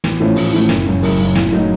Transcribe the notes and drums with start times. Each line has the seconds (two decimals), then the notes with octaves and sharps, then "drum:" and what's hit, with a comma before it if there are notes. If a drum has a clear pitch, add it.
0.04 A1, drum: snare
0.20 A2 F3 A3 C#4
0.36 A1, drum: open hi-hat
0.53 A2 F3 A3 C#4
0.69 F#1, drum: snare
0.86 F#2 C#3
1.03 F#1, drum: open hi-hat
1.19 F#2 C#3
1.35 A2, drum: snare
1.52 F#3 A3 D#4